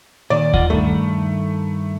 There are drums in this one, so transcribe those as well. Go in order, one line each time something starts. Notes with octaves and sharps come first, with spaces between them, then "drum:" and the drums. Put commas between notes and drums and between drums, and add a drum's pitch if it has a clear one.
A#2 D#3 D5
F4 D#5 F#5, drum: kick D#2
G2 D#3 A3